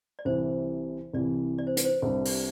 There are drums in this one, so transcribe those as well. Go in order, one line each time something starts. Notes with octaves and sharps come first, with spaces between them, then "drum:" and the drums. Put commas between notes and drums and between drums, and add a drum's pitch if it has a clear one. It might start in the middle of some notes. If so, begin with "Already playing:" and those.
D5
C2 C3 E3 C5
C2 C3 E3 D5
D5
C5
B4, drum: hi-hat
C5
C2 C3 G3 D4
drum: open hi-hat